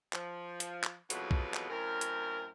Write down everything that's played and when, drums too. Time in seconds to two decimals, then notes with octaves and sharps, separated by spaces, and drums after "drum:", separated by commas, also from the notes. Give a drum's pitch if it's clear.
0.13 F3, drum: clap
0.60 drum: hi-hat
0.84 drum: clap
1.10 F2 B2 E3 F#3 G#3 B3, drum: hi-hat
1.31 drum: kick B1
1.54 drum: clap
1.70 F#2 A2 C4 A#4
2.01 drum: hi-hat